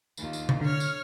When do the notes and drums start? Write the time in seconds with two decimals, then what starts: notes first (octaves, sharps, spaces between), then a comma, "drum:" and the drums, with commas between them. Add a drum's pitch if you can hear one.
0.17 D#2 F4, drum: tambourine
0.33 drum: tambourine
0.49 drum: tom C3
0.61 D3 C#5 F6
0.80 drum: tambourine